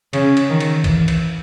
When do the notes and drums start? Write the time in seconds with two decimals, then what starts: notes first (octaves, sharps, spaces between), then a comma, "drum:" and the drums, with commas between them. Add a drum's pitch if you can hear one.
0.13 C#3, drum: cymbal
0.37 drum: cymbal
0.49 D#3
0.61 drum: cymbal
0.84 E3, drum: kick, cymbal
1.08 drum: cymbal